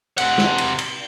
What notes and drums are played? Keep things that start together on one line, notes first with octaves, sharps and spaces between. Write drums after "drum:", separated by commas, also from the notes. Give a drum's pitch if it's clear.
C3 F#5, drum: cymbal
drum: snare
drum: cymbal
drum: cymbal